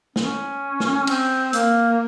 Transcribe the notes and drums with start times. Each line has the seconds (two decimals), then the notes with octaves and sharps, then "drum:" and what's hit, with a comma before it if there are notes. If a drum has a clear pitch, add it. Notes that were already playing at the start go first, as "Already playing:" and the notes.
0.16 C#4, drum: snare
0.80 drum: snare
1.07 C4, drum: cymbal
1.53 A#3, drum: hi-hat